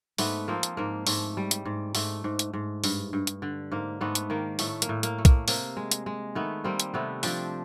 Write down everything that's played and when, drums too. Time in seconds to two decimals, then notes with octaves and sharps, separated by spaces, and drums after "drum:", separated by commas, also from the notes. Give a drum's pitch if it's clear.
0.18 G#2 A3 B3, drum: open hi-hat
0.48 F3 A#3 C4
0.63 drum: hi-hat
0.77 G#2 A#3
1.07 G#2 A3, drum: open hi-hat
1.37 G3
1.51 drum: hi-hat
1.65 G#2
1.95 G#2 A3, drum: open hi-hat
2.24 G#2
2.39 drum: hi-hat
2.53 G#2
2.84 G2, drum: open hi-hat
3.13 G2
3.27 drum: hi-hat
3.42 D3
3.72 G#2 A#3
4.01 G#2 A3 B3
4.15 drum: hi-hat
4.30 D#3 A#3
4.59 A2 A3, drum: open hi-hat
4.82 A#3, drum: hi-hat
4.89 A2
5.03 A#3, drum: hi-hat
5.18 A3
5.25 A#3, drum: kick B1, hi-hat
5.48 C3 A#3, drum: open hi-hat
5.77 G#3
5.91 drum: hi-hat
6.06 G#3
6.35 D#3 A3 B3
6.64 G3 A#3 C4
6.80 drum: hi-hat
6.94 C3 A3 B3
7.23 F3 C4 D4, drum: open hi-hat